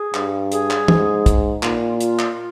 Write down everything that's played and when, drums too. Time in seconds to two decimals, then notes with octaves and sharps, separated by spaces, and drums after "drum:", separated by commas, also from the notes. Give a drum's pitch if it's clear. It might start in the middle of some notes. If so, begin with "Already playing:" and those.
Already playing: G#4
0.14 G2, drum: clap
0.52 G#4, drum: hi-hat
0.70 drum: clap
0.88 G#2, drum: tom
1.26 drum: kick, hi-hat
1.63 A#2 D#4, drum: clap
1.82 F4
2.01 F4, drum: hi-hat
2.19 drum: clap